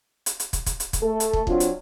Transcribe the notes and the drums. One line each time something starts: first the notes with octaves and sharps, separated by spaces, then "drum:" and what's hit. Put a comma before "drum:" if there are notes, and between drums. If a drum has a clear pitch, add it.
drum: hi-hat
drum: hi-hat
drum: kick, hi-hat
drum: kick, hi-hat
drum: hi-hat
drum: kick, hi-hat
A3 A4
drum: hi-hat
drum: kick
F#3 C4 D4 F4, drum: kick
drum: hi-hat